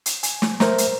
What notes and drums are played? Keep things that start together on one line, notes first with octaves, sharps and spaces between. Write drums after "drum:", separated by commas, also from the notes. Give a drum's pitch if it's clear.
drum: hi-hat
G#5, drum: hi-hat
drum: snare
A#4 C5 E5 A#5, drum: snare
drum: hi-hat